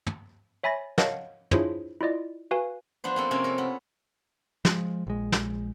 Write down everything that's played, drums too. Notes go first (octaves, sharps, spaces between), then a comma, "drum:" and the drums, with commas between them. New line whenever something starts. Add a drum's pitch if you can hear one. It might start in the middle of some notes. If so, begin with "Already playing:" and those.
drum: tom
C#5 E5 G#5 B5 A6 A#6
A#4 C#5 D#5 F5 F#5 A5, drum: snare
D4 E4 F4 G#4 C5 C#5, drum: tom
E4 F4 D5 D#5
F#4 B4 F5 G#5
F3 B3 D4 C5
A#3 C4 A4
C3 A#3 C4 C#4
A4 A#4
B3
F3 G#3, drum: snare
A#1 G#3
drum: snare